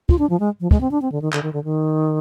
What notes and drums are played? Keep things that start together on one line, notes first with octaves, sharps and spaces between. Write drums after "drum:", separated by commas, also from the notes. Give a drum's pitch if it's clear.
F4, drum: kick
D4
F3
G#3
F3
G#3, drum: kick
C4
D4
C4
D3
D#3
D3, drum: clap
D#3
D3
D#3